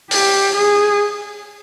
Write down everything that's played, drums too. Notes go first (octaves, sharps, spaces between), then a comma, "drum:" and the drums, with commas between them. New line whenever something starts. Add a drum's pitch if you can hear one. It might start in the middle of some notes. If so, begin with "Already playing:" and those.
G4, drum: open hi-hat
G#4